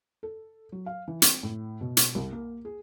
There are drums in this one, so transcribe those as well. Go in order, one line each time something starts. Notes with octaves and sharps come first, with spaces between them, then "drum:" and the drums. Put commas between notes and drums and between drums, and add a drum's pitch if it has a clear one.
A4
F#3
F5
E3
C4, drum: hi-hat
A2
B2
drum: hi-hat
C2
A#3
G#4